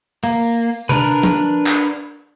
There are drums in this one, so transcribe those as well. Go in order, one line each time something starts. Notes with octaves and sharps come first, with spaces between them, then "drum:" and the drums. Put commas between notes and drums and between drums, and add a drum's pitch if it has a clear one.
A#3, drum: open hi-hat
D4 A#4 B4, drum: tom C3
drum: tom F3
drum: clap